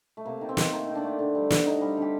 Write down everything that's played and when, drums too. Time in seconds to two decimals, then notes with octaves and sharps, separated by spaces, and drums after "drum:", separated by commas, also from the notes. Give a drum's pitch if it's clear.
0.17 A3
0.25 C3 A#3
0.41 D#3
0.49 C4
0.57 D#3, drum: snare
0.72 A3 A#3
0.87 D#3
0.95 D4
1.03 A3
1.19 D3
1.35 G3
1.50 D3, drum: snare
1.66 D3 D#4
1.81 G3
1.97 D3 G4